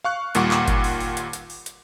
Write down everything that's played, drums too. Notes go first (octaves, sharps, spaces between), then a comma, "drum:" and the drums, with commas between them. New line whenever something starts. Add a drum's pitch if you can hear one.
F5 C#6 F#6
D#2 A#2 G3 F#5 C#6 D6, drum: hi-hat
drum: clap
drum: kick G1, hi-hat
drum: open hi-hat
drum: open hi-hat
drum: hi-hat
drum: hi-hat
drum: open hi-hat
drum: hi-hat